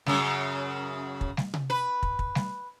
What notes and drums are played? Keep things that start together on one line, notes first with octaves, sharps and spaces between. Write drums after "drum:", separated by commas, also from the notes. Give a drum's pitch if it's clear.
F#2 C#3, drum: snare G3
drum: kick
drum: snare G3
drum: tom C3
B4
drum: kick
drum: kick
drum: snare G3